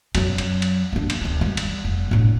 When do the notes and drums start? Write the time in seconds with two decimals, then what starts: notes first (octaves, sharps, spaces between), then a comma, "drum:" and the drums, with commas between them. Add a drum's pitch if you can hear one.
0.15 F#2 F#3, drum: cymbal
0.38 drum: cymbal
0.62 drum: cymbal
0.93 A#3 D4
1.10 drum: cymbal
1.21 D1 B3
1.41 D#3 G3
1.57 drum: cymbal
1.85 F1
2.11 A2 D4